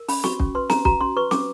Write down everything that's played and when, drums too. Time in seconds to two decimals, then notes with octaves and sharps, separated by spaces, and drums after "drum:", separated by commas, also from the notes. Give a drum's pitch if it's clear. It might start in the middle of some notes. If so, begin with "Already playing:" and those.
Already playing: A#4
0.08 C#4 B5, drum: open hi-hat
0.24 F#4 C#6, drum: snare
0.40 C#4, drum: kick
0.55 B4 C6
0.70 C#4 A#5, drum: snare
0.85 F#4 A#5, drum: kick
1.01 C#4 C6
1.16 B4 C#6
1.31 C#4 D6, drum: snare